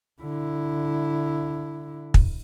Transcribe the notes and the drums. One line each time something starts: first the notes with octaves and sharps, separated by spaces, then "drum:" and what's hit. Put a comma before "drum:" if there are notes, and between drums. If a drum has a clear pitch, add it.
D3 E4
drum: kick